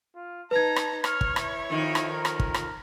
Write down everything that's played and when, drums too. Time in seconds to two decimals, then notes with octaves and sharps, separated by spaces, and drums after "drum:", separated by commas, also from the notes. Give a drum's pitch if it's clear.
0.16 F4
0.51 D#4 B4 A5 A#5 G#6
0.76 drum: rim click
1.04 C#5 F6, drum: rim click
1.21 drum: kick
1.36 E4, drum: rim click
1.70 F2 D#3
1.95 drum: rim click
2.10 A#4
2.25 drum: rim click
2.40 drum: kick
2.54 drum: rim click